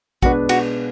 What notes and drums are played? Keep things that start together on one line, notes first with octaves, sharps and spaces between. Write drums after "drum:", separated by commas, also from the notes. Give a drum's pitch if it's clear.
B2 G#3 D4 F#4 G#4 B4, drum: kick A#1
F#4, drum: cymbal